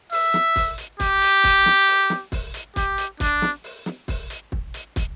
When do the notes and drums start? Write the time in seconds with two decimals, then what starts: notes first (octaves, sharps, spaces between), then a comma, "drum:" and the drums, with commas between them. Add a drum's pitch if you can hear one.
0.12 E5, drum: open hi-hat
0.34 drum: snare
0.56 drum: kick, open hi-hat
0.78 drum: hi-hat
1.00 G4, drum: kick, hi-hat
1.22 drum: hi-hat
1.44 drum: kick, hi-hat
1.66 drum: snare
1.88 drum: open hi-hat
2.10 drum: snare
2.32 drum: kick, open hi-hat
2.54 drum: hi-hat
2.76 G4, drum: kick, hi-hat
2.98 drum: hi-hat
3.20 D4, drum: kick, hi-hat
3.42 drum: snare
3.64 drum: open hi-hat
3.86 drum: snare
4.08 drum: kick, open hi-hat
4.30 drum: hi-hat
4.52 drum: kick
4.74 drum: hi-hat
4.96 drum: kick, hi-hat